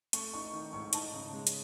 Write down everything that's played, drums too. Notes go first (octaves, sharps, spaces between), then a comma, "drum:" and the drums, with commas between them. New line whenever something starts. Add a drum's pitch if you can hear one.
A3 C#6, drum: hi-hat
D#4 C#6
D#3
G#2 C#6
D#4 A5, drum: hi-hat
C#3
G#3
drum: hi-hat